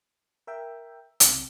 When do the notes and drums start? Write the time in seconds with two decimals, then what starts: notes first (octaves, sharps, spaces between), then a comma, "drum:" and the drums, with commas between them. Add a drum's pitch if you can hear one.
0.47 A#4 E5 G5
1.20 B1 C3, drum: hi-hat